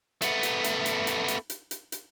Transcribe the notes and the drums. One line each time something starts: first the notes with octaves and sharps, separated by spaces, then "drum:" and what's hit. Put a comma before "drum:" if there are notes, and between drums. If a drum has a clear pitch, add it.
A3 B3, drum: hi-hat
drum: hi-hat
drum: hi-hat
drum: hi-hat
drum: hi-hat
drum: hi-hat
drum: hi-hat
drum: hi-hat
drum: hi-hat